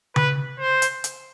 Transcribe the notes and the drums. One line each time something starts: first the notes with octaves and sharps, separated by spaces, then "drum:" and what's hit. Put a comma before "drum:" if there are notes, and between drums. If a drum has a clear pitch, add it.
B4, drum: tom C#3
C5
drum: hi-hat
drum: hi-hat